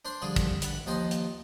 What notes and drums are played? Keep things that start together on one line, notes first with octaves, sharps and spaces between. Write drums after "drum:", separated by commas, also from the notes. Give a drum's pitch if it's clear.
D4 C5 C6
D3 F3 G3 G#4
drum: kick, hi-hat
D3 F#5 B5, drum: hi-hat
D#2 F3 D#5 G5 C6
drum: hi-hat